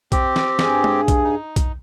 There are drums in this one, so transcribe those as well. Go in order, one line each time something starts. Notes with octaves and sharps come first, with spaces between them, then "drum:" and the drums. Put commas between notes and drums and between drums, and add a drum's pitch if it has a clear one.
C4 G4, drum: kick B1, hi-hat
drum: snare
G2 G#4, drum: snare
drum: tom
drum: kick B1, hi-hat
D#4
drum: kick B1, hi-hat